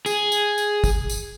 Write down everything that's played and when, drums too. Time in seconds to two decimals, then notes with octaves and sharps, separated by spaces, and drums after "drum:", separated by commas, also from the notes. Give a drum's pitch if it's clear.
0.06 G#4, drum: tambourine
0.32 drum: tambourine
0.58 drum: tambourine
0.84 drum: kick, tambourine
1.10 drum: tambourine